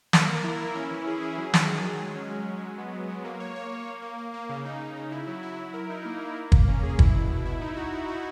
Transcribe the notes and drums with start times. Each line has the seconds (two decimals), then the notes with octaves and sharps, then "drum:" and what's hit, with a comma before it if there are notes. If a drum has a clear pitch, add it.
0.13 A#3, drum: snare
0.29 A#4
0.44 E4
0.60 E4
0.75 C#4
0.91 E3
1.07 G#4
1.22 G#4
1.38 F#3
1.54 D#3, drum: snare
1.69 D#3
1.85 F#3
2.00 G#3
2.16 C#4
2.31 G#3
2.47 G#3
2.62 F#3
2.78 B3
2.93 F#3
3.09 F#3
3.25 A#3
3.40 C#5
3.56 C#5
3.72 A#3
3.87 A#3
4.02 A#3
4.18 A#3
4.34 A#3
4.49 C#3
4.65 D#4
4.81 C#3
4.96 C#3
5.12 E4
5.27 F#3
5.43 E4
5.59 E4
5.74 A#4
5.90 D#4
6.05 A#3
6.21 A#3
6.36 A#3
6.52 A#3, drum: kick
6.68 C#4
6.83 G#4
6.99 E4, drum: kick
7.14 B2
7.30 B2
7.45 E4
7.61 D#4
7.77 F#4
7.92 F#4
8.08 F#4